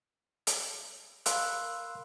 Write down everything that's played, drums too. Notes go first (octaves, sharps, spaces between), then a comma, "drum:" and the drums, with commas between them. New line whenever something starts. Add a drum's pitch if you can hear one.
drum: hi-hat
A#4 F5 B5 C6 E6 F#6, drum: hi-hat